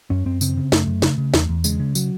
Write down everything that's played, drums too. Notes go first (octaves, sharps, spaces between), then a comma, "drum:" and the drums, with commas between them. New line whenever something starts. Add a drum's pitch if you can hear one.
F#2 C#4
F#2 C4
C#3 C4, drum: tambourine
C#3
F#2 A3, drum: snare
F#2
C#3, drum: snare
C#3
E2, drum: snare
E2
C#3 G#3, drum: tambourine
C#3
F#3, drum: tambourine